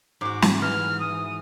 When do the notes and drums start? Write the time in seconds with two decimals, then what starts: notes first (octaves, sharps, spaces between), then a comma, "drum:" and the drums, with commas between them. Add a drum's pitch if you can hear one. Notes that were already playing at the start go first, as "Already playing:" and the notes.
0.21 G#2 F#4 D6
0.42 drum: snare
0.62 E3 F6
0.99 D#6